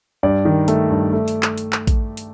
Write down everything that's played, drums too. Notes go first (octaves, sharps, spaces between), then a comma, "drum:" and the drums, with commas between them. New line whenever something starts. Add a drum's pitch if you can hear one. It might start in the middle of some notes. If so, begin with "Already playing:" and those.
G2 D5
D#3
A3, drum: hi-hat
G2
A3
drum: hi-hat
drum: clap
drum: hi-hat
drum: clap
drum: kick A1, hi-hat
drum: hi-hat